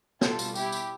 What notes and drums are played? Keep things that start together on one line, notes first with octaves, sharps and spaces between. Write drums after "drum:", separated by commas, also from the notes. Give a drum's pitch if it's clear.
B2 G3 F4 A4, drum: snare
drum: tambourine
E4 G4, drum: tambourine
drum: tambourine